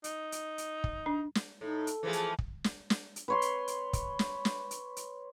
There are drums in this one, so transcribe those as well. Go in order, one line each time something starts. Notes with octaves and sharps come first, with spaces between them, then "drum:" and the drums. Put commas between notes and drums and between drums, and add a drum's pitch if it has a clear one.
D#4, drum: hi-hat
drum: hi-hat
drum: hi-hat
drum: kick
D4
drum: snare
A2 D#4 A4
drum: hi-hat
E3 F3 A3 G#4
drum: hi-hat
drum: kick
drum: snare
drum: snare
drum: hi-hat
B4 C#5 C6
drum: hi-hat
drum: hi-hat
drum: kick, hi-hat
drum: snare
drum: snare
drum: hi-hat
drum: hi-hat